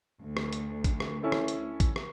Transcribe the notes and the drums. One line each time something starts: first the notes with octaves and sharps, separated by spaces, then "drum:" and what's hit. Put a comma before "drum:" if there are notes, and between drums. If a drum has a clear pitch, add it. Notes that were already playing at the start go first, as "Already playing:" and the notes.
D2
drum: rim click
drum: hi-hat
drum: kick A1, hi-hat
drum: rim click
C#4 E4 A4
drum: rim click
drum: hi-hat
drum: kick A1, hi-hat
drum: rim click